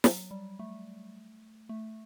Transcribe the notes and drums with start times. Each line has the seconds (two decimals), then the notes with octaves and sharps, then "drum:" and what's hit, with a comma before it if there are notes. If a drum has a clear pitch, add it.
0.04 F#3, drum: snare
0.31 G3
0.59 A3
1.69 A3